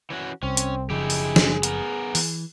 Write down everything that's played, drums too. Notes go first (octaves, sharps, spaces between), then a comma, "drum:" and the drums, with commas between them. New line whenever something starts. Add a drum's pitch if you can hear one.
E3 C#4 F#4
C2 C4 C#4
drum: hi-hat
F#1 C#3 F3 D#4 E4 G4 G#4
drum: open hi-hat
drum: snare
B3 A#4, drum: hi-hat
E3, drum: open hi-hat